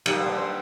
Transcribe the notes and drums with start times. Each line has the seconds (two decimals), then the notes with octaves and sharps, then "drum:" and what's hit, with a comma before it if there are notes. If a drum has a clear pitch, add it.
0.06 D#3 G3 A#3 G4, drum: cymbal
0.19 C4
0.26 D4
0.37 C4